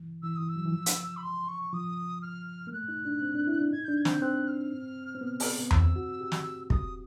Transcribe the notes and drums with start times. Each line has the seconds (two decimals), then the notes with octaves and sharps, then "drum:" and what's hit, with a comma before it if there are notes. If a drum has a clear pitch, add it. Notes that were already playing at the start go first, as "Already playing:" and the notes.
Already playing: E3
0.22 E3 E6
0.36 E3 D#6
0.48 E6
0.56 F#3
0.65 E3
0.72 F3
0.86 drum: hi-hat
1.16 B5
1.22 C6
1.48 C#6
1.73 F3 D#6
2.22 F6
2.67 A#3
2.72 A3 F#6
2.88 D#4
3.05 D4
3.22 C4
3.35 D4
3.47 E4
3.59 D4
3.71 D#4 G#6
3.84 D4 G6
3.97 G#6
4.05 C4 G6, drum: snare
4.21 C4 F#6
4.47 F6
5.15 C4
5.21 B3
5.40 drum: open hi-hat
5.60 B3
5.71 C4 E6, drum: tom E2
5.96 F#4
6.21 G4
6.32 drum: snare
6.70 D#6, drum: kick